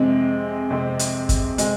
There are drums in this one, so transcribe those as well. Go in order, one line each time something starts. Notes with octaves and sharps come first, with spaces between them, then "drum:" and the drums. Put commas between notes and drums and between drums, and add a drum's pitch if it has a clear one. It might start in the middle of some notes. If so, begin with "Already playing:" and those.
Already playing: F2 C3 G#3 C4
F2 C3 G#3 C4
drum: hi-hat
drum: kick, hi-hat
C3 G#3 C4, drum: hi-hat